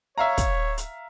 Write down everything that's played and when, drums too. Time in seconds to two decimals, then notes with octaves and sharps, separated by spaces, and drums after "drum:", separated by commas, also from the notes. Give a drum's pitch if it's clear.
0.18 C#5 E5 F5 A#5
0.38 drum: kick, hi-hat
0.78 drum: hi-hat